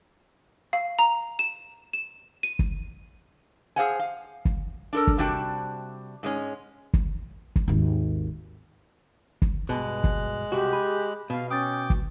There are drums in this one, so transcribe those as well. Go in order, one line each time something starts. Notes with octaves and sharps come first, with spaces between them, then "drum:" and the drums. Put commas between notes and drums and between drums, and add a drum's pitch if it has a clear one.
F5
A#5
E7
E7
D#7
drum: kick
G#4 A4 C5 F5 F#5 G#5
F5
drum: kick
D4 A4 A#4
drum: kick
C3 G3 D4 F#4 G5 A5
G#2 G#3 C#4
drum: kick
drum: kick
G#1 D#2
drum: kick
G2 B2 G#3 F#6
drum: kick
C2 F#4 G4
G#4 B5
B2 F5
C#4 G5 D6 D#6 G6 A6
drum: kick